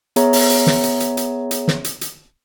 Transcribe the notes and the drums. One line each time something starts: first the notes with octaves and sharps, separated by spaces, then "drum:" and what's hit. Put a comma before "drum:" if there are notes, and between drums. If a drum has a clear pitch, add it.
B3 G#4 C#5 E5 A#5, drum: hi-hat
drum: open hi-hat
drum: hi-hat
drum: snare
drum: hi-hat
drum: hi-hat
drum: hi-hat
drum: hi-hat
drum: snare
drum: hi-hat
drum: hi-hat